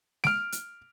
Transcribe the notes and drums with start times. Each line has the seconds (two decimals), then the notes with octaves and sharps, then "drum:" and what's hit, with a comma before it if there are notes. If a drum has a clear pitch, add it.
0.24 F6 D7, drum: snare G#3
0.52 drum: hi-hat